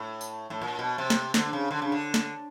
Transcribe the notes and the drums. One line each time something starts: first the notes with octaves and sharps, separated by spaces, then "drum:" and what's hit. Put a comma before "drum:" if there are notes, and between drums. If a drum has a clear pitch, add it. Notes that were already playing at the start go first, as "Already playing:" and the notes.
Already playing: A2
drum: tambourine
A2
A#2
B2
C3
drum: snare
D3, drum: snare
C#3
D3
C#3
D3
drum: snare